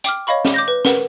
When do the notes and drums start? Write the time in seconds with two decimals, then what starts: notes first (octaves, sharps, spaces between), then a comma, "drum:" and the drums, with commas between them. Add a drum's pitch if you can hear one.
0.04 G5 D6 F6, drum: hi-hat
0.27 C#5 D#5 F5 B5 C#6
0.45 drum: snare
0.54 D6 G6 A#6
0.68 B4
0.85 A#4 B4 F#5, drum: snare